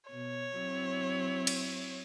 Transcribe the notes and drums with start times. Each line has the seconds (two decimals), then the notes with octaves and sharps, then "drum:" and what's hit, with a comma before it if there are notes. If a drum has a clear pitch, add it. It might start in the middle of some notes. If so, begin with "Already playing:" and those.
0.10 B2 C#5
0.57 F#3 C4 E4
1.47 drum: cymbal